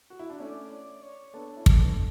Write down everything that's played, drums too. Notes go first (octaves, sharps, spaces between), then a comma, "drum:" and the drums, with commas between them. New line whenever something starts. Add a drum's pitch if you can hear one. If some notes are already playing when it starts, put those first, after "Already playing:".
F#4
E4
D4
A3 C#4 D5
D5
C#5
B3 D4 A4
C#4 E4
drum: kick
B3 D4